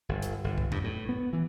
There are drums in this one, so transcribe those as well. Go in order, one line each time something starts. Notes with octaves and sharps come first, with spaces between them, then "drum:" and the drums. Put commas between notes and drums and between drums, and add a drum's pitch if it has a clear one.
G1
drum: hi-hat
G1
drum: kick
G2, drum: tom F2
A2
B3
E3